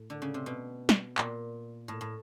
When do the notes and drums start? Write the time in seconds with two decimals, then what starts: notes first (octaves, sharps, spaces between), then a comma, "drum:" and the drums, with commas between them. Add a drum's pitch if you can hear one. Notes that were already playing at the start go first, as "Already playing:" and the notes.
Already playing: A2
0.10 D3
0.22 C#3
0.34 C3
0.46 B2
0.89 drum: snare
1.18 A#2, drum: clap
1.88 A2
2.01 A2